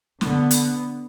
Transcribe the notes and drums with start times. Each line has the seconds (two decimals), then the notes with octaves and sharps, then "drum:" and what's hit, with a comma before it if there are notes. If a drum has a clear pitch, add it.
0.21 D3 B3, drum: snare
0.51 drum: hi-hat